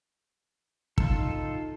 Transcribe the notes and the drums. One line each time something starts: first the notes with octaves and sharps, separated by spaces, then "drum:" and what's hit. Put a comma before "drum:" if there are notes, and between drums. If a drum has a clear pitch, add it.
D#4 F4 A4, drum: kick